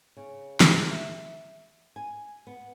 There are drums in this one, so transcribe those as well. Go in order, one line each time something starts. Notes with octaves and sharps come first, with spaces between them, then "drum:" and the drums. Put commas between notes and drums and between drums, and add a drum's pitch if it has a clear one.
C#3
G#4, drum: snare
E5
G#5
B3